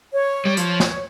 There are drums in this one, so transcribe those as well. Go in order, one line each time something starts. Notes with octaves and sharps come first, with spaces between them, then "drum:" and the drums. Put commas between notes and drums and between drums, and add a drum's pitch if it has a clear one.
C#5
G3
F3 C#5, drum: hi-hat
drum: snare